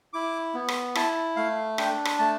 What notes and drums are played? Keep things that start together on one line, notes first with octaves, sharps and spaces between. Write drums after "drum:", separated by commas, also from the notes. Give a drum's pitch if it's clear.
E4 D6
B3
drum: rim click
E4 A5, drum: rim click
A3 F5
D4 G5, drum: rim click
drum: rim click
A3 A5